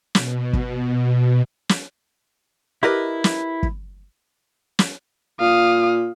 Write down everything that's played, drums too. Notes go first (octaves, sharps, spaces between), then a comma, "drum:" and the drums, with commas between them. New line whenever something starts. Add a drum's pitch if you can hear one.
B2, drum: snare
drum: kick
drum: snare
E4 G4 A#4 B4 D#5
drum: snare
drum: kick
drum: snare
A#2 F5 D#6